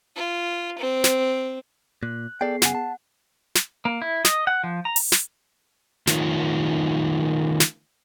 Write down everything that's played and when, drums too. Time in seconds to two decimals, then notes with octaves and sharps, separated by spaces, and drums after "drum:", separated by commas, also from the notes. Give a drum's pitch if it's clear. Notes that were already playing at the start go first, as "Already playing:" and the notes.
0.16 F4
0.79 C4
1.04 drum: snare
2.03 A#2 F#6
2.41 B3 G#4 A4 D5 G5 C7
2.62 F#2 C#3 F#5 G#5, drum: snare
2.75 A5
3.55 drum: snare
3.85 A#3
4.02 E4
4.25 D#5, drum: snare
4.47 F#5
4.64 F3
4.85 A#5
4.96 drum: open hi-hat
5.12 drum: snare
6.07 D#3 A3 D#4 F4 C#5, drum: snare
7.60 drum: snare